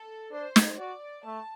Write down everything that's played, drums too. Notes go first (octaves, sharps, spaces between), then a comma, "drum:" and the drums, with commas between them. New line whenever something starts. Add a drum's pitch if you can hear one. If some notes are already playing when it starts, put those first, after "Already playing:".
Already playing: A4
D4 C5
drum: snare
F#4 D5
A3 A5